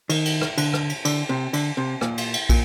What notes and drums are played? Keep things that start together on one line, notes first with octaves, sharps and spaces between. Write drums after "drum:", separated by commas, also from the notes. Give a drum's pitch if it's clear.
D#3, drum: cymbal
drum: cymbal
drum: rim click
D3, drum: cymbal
drum: rim click
drum: cymbal
D3, drum: cymbal
C3
D3, drum: cymbal
C3
A#2, drum: rim click
drum: cymbal
drum: cymbal
A#2, drum: kick, cymbal